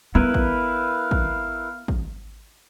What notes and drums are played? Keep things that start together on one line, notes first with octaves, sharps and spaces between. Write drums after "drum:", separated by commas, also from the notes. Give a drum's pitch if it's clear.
B3 E4 A#4 B4 F5
drum: kick
drum: kick
drum: kick